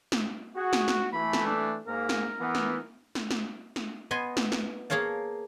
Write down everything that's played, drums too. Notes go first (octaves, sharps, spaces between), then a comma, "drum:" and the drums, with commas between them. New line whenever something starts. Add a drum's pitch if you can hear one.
drum: snare
F#4 G#4
drum: snare
drum: snare
E3 A3 B5
drum: snare
D4
G#2 A#3 A#4
drum: snare
E3 B3
drum: snare
drum: snare
drum: snare
drum: snare
B3 D#5 G#5 C6
drum: snare
drum: snare
A#3 G#4 C#5 F5 A5